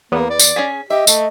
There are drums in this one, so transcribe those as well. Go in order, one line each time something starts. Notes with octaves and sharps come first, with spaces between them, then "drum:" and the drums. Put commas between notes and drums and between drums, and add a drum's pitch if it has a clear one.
E2 A#3 B3
D5
drum: tambourine
C#4 G#4 G#5 B6
G4 D#5 E5
A3, drum: tambourine